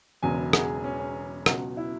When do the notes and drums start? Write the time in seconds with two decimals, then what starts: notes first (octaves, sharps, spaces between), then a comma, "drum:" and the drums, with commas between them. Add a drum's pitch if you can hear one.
0.22 E1 E2 C#3 F#3 G#5
0.53 G#4, drum: rim click
0.84 C#4
1.00 C#4
1.46 C#2 B2 F#3, drum: rim click
1.77 E4